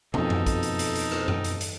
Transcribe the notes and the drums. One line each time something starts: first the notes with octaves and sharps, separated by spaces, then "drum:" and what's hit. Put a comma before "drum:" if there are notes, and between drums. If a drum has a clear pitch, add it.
F2 B2 D#4 A4, drum: tom
drum: tom F#2
drum: kick, hi-hat
drum: hi-hat
drum: hi-hat
drum: hi-hat
drum: rim click
drum: tom F#2
drum: hi-hat
drum: hi-hat